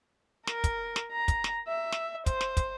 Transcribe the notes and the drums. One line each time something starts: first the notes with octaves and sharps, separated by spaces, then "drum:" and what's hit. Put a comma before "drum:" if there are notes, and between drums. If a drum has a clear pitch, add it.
A#4, drum: snare
drum: kick, hi-hat
drum: snare
A#5
drum: kick, hi-hat
drum: snare
E5
drum: snare
C5, drum: kick, hi-hat
drum: snare
drum: kick, hi-hat